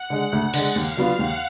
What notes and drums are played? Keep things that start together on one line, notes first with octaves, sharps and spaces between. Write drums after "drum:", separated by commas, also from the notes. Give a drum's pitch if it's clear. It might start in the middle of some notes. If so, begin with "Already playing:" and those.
Already playing: F#5
D3 G#3
D2
D3 G#3, drum: cymbal
D#2 F5
D3 F#3 B3 F4
D#2 F#5